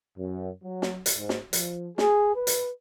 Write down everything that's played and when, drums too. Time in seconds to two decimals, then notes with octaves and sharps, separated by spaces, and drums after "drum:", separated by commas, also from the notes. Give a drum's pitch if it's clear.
0.19 F#2
0.64 F#3
0.82 drum: snare
1.06 drum: hi-hat
1.16 G#2
1.29 drum: snare
1.53 F3, drum: hi-hat
1.98 G#4, drum: snare
2.36 B4
2.47 drum: hi-hat